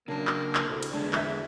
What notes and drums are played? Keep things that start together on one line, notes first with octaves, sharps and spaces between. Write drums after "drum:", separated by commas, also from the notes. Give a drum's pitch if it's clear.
C#3 F#3 A#3 D4 A5
drum: clap
drum: clap
D2 C3 E4
drum: cymbal
E2 D3 G#3 D4
F#4 G#4 E5, drum: clap